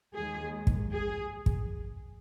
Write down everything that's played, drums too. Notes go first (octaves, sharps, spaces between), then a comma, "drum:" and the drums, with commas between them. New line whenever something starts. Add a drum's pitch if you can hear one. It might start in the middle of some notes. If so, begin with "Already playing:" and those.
D#2 D#3 G#3 G#4
drum: kick
G#4
drum: kick